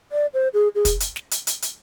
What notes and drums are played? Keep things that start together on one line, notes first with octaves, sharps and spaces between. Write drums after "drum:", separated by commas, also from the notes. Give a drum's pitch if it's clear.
D5
C5
G#4
G#4
drum: kick, hi-hat
drum: hi-hat
drum: snare
drum: hi-hat
drum: hi-hat
drum: hi-hat